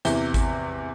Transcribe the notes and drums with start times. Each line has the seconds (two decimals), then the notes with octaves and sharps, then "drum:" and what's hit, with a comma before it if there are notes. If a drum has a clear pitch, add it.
0.05 E2 C3 E3 E5 G7, drum: hi-hat
0.34 drum: kick G#1, hi-hat